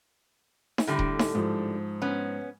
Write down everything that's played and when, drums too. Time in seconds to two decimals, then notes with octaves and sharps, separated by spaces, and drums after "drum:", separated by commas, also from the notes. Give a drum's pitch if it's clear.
0.78 drum: snare D#4
0.87 A2 D3 G3
0.99 drum: kick D#1
1.19 drum: snare D#4
1.35 G#2 F3
2.02 B3 C#4